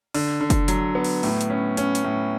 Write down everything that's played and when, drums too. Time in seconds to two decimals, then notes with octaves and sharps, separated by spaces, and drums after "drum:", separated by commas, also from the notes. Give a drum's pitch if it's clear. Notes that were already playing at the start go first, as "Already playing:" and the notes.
0.14 D3, drum: open hi-hat
0.41 D3
0.50 drum: kick, hi-hat
0.68 F#3, drum: hi-hat
0.95 B3
1.04 drum: open hi-hat
1.23 A2, drum: open hi-hat
1.41 drum: hi-hat
1.50 C#4
1.77 C#4, drum: hi-hat
1.95 drum: hi-hat
2.04 A2